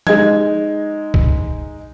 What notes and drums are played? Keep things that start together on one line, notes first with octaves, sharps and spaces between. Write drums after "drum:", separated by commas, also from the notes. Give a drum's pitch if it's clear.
G#3 D#4 G#6, drum: tom
drum: kick B1